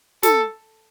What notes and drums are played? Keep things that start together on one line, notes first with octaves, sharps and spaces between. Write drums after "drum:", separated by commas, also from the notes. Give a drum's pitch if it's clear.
A4, drum: snare